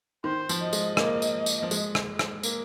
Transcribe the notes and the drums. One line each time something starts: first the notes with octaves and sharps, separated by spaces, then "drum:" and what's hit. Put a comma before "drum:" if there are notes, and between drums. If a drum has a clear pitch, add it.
D#3 C5
F3, drum: tambourine
D#5
G#3, drum: tambourine
A#3, drum: rim click
drum: tambourine
drum: tambourine
F3
G#3, drum: tambourine
drum: rim click
drum: rim click
A#3, drum: tambourine